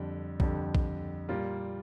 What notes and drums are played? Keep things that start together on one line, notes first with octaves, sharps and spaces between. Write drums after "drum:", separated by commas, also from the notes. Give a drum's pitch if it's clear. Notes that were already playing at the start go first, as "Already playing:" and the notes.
Already playing: F2 D3 G3
F2 D3 G3, drum: kick
drum: kick
A#2 G3 A#3 F4